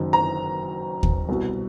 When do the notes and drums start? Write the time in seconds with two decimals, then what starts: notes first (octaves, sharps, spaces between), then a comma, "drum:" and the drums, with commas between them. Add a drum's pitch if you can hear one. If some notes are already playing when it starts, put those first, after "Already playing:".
Already playing: F#1 F#2 D#3
0.13 A#5
1.03 drum: kick D#2
1.29 C2 B2